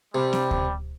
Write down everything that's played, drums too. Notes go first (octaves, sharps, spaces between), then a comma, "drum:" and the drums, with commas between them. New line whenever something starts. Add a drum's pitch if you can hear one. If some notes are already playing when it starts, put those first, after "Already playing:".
C3 G3
drum: snare
drum: kick D2